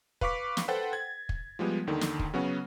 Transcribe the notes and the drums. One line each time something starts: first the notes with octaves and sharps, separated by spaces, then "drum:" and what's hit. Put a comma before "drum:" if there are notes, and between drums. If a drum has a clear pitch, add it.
B4 F5 C#6 D6 B6, drum: kick
drum: snare
A4 B4 C5 F#5 G5 A6
G#6
drum: kick
F3 G3 G#3 B3
D#2 D3 D#3
drum: snare
drum: kick
C#3 F#3 B3 C#4 F#4